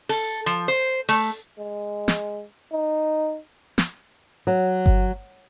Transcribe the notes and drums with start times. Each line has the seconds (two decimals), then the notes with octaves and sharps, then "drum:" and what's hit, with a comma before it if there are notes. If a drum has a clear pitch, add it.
0.09 A4, drum: open hi-hat
0.46 F3
0.68 C5
1.09 A3, drum: open hi-hat
1.58 G#3
2.08 drum: snare
2.72 D#4
3.78 drum: snare
4.47 F#3
4.86 drum: kick G1